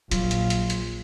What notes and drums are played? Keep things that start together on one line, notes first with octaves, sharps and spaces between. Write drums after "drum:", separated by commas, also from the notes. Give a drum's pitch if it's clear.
A#1 F#3 F4, drum: hi-hat
drum: hi-hat
drum: hi-hat
drum: hi-hat